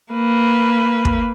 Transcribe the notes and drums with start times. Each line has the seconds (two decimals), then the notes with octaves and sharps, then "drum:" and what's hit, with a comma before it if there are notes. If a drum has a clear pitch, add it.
0.13 A#3 B4
1.05 drum: kick